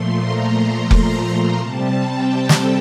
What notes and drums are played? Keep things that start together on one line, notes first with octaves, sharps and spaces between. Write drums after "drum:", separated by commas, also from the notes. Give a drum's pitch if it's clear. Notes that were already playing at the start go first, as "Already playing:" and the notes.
Already playing: A#2 F3 A3 C6
A#5
drum: kick F1
C3 G3 C4 A5
G5
A4, drum: snare